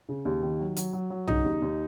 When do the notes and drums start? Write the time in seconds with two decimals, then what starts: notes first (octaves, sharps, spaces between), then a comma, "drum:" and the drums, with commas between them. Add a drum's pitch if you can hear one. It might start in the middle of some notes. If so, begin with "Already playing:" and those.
0.09 C#3
0.25 D#2
0.42 D#3
0.60 F#3
0.77 F#3, drum: hi-hat
0.93 F#3
1.10 F#3
1.27 C#3 D#4, drum: tom B1
1.44 D#2
1.62 D#2